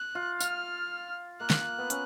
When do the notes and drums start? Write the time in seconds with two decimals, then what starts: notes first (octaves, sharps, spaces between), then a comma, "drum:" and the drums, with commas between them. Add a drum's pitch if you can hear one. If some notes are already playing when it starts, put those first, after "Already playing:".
Already playing: F#6
0.15 F4
0.41 F4 F6, drum: tambourine
1.40 A#3 F#6
1.50 drum: snare
1.79 B3
1.90 C#4, drum: hi-hat